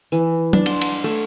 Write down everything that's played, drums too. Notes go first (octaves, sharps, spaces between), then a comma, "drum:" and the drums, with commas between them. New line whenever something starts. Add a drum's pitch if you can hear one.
E3
D4, drum: tom F#3
C6, drum: cymbal
drum: cymbal
A3